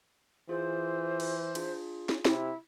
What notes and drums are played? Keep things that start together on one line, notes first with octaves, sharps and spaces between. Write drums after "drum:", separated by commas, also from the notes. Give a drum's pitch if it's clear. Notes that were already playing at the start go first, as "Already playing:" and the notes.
E3 F4 G#4 C5
drum: cymbal
D4 F4 G#4, drum: cymbal
drum: snare
C3 E4, drum: snare